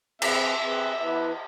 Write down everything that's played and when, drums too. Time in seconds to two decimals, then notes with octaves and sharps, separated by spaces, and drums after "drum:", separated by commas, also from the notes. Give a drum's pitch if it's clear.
0.22 C4 G#4 B4 E5, drum: cymbal
0.62 C4 G#4 B4
1.00 E3 B3 E4 B4